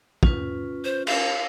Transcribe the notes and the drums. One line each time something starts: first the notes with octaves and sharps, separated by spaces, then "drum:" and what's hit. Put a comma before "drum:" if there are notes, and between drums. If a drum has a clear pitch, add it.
C#4 F4 B4, drum: kick
C5
F5, drum: cymbal